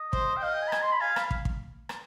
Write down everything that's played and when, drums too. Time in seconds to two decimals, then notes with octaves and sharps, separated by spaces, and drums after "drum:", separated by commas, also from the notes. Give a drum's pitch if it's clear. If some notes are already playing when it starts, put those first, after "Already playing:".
Already playing: D#5
0.13 C5, drum: kick
0.37 G5
0.42 D#5 F5
0.53 G5
0.62 G#5
0.68 B5
0.72 G#5, drum: rim click
0.82 C6
0.92 B5
1.01 F5 G#5
1.16 B5, drum: rim click
1.31 drum: kick
1.45 drum: kick
1.89 drum: rim click